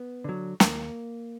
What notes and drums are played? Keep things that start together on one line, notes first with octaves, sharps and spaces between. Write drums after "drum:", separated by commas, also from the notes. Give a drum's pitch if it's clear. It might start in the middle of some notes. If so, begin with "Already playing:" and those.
Already playing: B3
D3 F#3
D#2 A#3, drum: snare